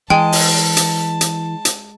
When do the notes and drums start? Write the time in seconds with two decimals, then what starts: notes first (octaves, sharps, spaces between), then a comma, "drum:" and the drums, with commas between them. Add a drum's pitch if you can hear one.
0.10 E3 G#3 G5 A5
0.32 drum: open hi-hat
0.77 drum: hi-hat
1.21 drum: hi-hat
1.65 drum: hi-hat